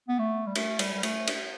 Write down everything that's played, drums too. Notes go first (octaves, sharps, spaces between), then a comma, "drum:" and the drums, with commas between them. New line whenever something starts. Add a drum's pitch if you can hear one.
B3
A3
G3
A3, drum: cymbal
G3, drum: cymbal
G3
A3, drum: cymbal
drum: cymbal